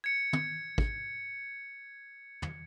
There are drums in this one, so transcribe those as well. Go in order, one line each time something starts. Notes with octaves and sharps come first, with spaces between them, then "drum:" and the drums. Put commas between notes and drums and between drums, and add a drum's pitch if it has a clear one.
G#6 C#7
drum: tom
drum: kick
drum: tom